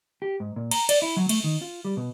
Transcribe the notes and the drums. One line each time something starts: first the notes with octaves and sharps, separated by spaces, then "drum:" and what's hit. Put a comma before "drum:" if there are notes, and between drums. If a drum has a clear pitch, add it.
G4
G#2
A#2
A#5, drum: cymbal
D5, drum: cymbal
E4
F#3
A3, drum: cymbal
D#3
F4
G3
B2